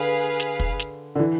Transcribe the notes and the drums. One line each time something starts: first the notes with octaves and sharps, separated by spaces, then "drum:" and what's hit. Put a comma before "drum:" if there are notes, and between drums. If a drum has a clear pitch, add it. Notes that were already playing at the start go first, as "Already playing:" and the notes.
Already playing: D3 G#4 B4 F5
drum: snare
drum: kick
drum: snare
D3
E3